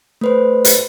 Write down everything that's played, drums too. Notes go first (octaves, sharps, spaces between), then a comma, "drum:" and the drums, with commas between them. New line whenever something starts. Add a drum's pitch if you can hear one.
A3 B4 C5
drum: hi-hat